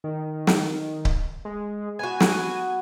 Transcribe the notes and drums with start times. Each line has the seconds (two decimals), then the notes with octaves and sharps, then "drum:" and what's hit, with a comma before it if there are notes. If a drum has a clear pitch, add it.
0.04 D#3
0.47 drum: snare
1.05 drum: kick C#1
1.45 G#3
1.99 B3 F#4 G#5
2.20 drum: snare